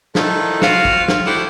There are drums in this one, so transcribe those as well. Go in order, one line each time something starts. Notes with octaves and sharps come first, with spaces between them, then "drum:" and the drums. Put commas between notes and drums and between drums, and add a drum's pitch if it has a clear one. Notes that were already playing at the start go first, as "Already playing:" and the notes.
D3 D#3 F3 D#4 E4 A4, drum: snare
C4 F4 F#4 F5, drum: snare
drum: kick
drum: snare
D4 E4 F#4 G4 A4 C5